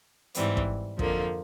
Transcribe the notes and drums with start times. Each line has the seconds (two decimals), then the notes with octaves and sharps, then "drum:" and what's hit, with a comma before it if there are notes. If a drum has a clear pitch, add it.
0.34 G#2 E3 G3 C4, drum: hi-hat
0.57 drum: kick
0.99 F2 D3 F3 A#3, drum: kick